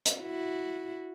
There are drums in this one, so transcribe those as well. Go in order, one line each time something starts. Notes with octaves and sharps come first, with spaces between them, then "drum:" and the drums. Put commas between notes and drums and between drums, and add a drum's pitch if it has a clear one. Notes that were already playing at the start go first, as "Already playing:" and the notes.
drum: hi-hat
E4 F#4